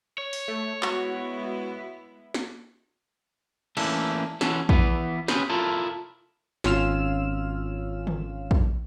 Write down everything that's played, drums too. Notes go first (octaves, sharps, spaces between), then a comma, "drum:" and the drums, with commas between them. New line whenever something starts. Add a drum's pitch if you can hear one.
C#5
drum: open hi-hat
A3
G#3 B3 E4 F#4, drum: clap
drum: snare
E3 A3 A#3 C#4 D4 A4, drum: cymbal
E3 C#4 F#4 A4, drum: snare
E3 B3, drum: kick A#1
C#4 G4 G#4 B4 C5, drum: snare
E4 F4 A4 A#4
G#1 C#4 F4 E6 F6 E7, drum: snare
drum: tom C#3
drum: kick A#1